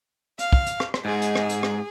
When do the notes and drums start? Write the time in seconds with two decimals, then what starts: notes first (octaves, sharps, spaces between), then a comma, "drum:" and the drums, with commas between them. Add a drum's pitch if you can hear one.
0.39 F5, drum: hi-hat
0.53 drum: kick
0.66 drum: hi-hat
0.80 drum: rim click
0.94 drum: rim click
1.05 G#2 G#4
1.22 drum: hi-hat
1.35 drum: rim click
1.49 drum: hi-hat
1.63 drum: rim click